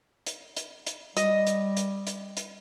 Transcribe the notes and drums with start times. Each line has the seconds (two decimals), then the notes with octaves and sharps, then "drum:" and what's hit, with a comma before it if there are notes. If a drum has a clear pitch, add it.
0.26 drum: hi-hat
0.56 drum: hi-hat
0.87 drum: hi-hat
1.17 G3 D#5, drum: hi-hat
1.47 drum: hi-hat
1.77 drum: hi-hat
2.07 drum: hi-hat
2.37 drum: hi-hat